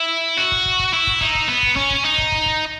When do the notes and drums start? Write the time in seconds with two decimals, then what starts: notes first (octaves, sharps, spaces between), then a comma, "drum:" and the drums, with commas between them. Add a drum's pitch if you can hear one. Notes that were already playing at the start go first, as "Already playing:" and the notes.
Already playing: E4
0.38 F#4
0.52 drum: kick
0.66 drum: kick
0.79 drum: kick
0.93 E4
1.07 drum: kick
1.21 D#4, drum: kick
1.35 drum: kick
1.49 B3
1.63 drum: kick
1.76 C#4, drum: kick
1.90 drum: kick
2.05 D#4
2.18 drum: kick
2.32 drum: kick
2.46 drum: kick